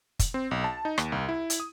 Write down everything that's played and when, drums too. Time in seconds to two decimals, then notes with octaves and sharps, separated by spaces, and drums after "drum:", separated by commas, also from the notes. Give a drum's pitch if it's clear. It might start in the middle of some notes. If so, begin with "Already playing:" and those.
0.19 drum: kick, hi-hat
0.34 C4
0.51 B1
0.64 A5
0.85 D#4
0.98 D#2, drum: rim click
1.12 C2
1.29 E4
1.50 drum: hi-hat
1.60 D#6